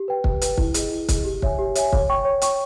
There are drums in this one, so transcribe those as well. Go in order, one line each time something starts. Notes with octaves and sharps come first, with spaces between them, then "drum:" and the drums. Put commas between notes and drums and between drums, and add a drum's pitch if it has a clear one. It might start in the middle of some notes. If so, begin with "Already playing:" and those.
Already playing: G4
B4 G5
G4, drum: kick
B4 G5, drum: hi-hat
E4, drum: kick
G#4 D#5, drum: hi-hat
E4
G#4 D#5, drum: kick, hi-hat
G4
C#5 E5 G#5, drum: kick
G4
C#5 E5 G#5, drum: hi-hat
C#5, drum: kick
G5 C#6
C#5
G5 C#6, drum: hi-hat